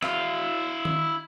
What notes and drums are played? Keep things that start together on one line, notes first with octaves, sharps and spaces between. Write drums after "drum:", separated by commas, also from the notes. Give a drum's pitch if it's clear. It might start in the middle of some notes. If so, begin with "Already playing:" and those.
E4 F5, drum: rim click
drum: tom D#3